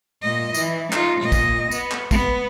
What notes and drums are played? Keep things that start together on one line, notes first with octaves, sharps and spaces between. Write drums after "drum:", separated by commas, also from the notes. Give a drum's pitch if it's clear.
A#2 D#5
E3, drum: tambourine
D#4 F4, drum: clap
A#2 D#5
drum: kick, tambourine
B3, drum: tambourine
drum: clap
B3, drum: kick, tambourine